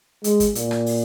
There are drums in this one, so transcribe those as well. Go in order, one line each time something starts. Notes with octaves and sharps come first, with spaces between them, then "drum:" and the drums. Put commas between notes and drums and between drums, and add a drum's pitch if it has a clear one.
G#3, drum: hi-hat
drum: kick, hi-hat
A#2, drum: hi-hat
drum: rim click
drum: open hi-hat